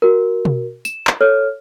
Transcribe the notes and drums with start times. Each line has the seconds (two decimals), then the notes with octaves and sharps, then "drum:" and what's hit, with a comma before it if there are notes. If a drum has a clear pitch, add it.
0.02 F#4 A#4
0.45 drum: tom B2
0.85 E7, drum: tambourine
1.07 drum: clap
1.21 A4 C#5 F6